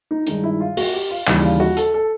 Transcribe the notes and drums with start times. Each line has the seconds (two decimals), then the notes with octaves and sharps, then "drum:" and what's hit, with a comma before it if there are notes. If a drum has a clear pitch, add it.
0.11 D#4
0.27 G2 D#3 G#3 D#4, drum: hi-hat
0.44 E4
0.61 F4
0.77 F#4, drum: open hi-hat
0.93 G4
1.11 F4
1.27 D#2 C#3 E3 G3, drum: clap
1.44 F4
1.60 F#4
1.77 A4, drum: hi-hat
1.94 A4